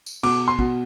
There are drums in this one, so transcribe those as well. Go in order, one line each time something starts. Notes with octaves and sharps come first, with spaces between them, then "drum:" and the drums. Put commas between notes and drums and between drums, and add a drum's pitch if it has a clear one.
drum: tambourine
B2 D6, drum: cymbal
C6
B2, drum: kick